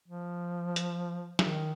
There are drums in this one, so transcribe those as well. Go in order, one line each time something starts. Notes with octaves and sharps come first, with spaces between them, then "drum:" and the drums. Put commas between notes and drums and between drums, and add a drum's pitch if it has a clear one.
F3
drum: hi-hat
D#3, drum: snare